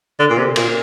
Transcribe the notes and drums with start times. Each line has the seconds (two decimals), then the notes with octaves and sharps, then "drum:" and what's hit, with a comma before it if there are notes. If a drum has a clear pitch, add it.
0.19 D3
0.30 A#2
0.37 C3
0.56 A#2, drum: cymbal